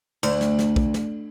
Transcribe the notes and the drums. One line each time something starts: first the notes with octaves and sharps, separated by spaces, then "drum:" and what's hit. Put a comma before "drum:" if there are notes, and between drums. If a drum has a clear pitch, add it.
D2, drum: cymbal
drum: snare
drum: snare
drum: kick
drum: snare